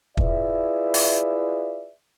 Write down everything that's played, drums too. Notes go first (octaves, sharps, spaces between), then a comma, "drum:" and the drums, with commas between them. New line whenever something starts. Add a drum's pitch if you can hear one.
E4 F4 G#4 B4 D5 E5, drum: kick
drum: open hi-hat